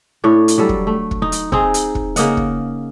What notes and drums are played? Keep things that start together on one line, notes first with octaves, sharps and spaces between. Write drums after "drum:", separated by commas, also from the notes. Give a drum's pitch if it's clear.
A2 D4 C#5
drum: hi-hat
F#3 G3 A4
drum: kick
A3
drum: kick
D#4
drum: hi-hat
C4 D#4 G#4, drum: kick
drum: hi-hat
drum: kick
C#3 A#3 D#5 F#5, drum: hi-hat
drum: kick